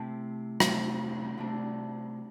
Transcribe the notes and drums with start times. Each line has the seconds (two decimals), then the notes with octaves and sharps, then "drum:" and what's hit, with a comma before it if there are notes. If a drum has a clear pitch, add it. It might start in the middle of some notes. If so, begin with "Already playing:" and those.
Already playing: C3 A3 C4 E4
0.60 C3 A3 C4 E4, drum: rim click
1.38 C3 A3 D4